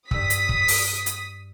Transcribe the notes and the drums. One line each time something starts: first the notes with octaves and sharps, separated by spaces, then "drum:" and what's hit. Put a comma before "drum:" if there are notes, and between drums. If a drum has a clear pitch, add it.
G2 D#6 E6 B6, drum: kick
drum: hi-hat
drum: kick
drum: open hi-hat
drum: hi-hat